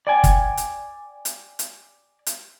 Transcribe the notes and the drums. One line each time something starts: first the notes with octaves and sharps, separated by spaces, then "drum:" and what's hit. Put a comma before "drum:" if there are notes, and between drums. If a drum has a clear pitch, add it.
D5 G5 G#5
drum: kick, hi-hat
drum: hi-hat
drum: hi-hat
drum: hi-hat
drum: hi-hat